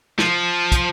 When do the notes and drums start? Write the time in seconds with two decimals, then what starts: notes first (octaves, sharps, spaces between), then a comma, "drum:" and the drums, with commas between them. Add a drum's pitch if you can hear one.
0.19 F3, drum: snare
0.72 drum: kick, hi-hat